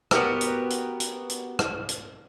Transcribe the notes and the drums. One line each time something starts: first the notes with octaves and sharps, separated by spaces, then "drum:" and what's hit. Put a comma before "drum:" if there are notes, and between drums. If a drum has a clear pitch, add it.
B3 F#4 G4 A#4, drum: rim click
drum: hi-hat
drum: hi-hat
drum: hi-hat
drum: hi-hat
drum: rim click
drum: hi-hat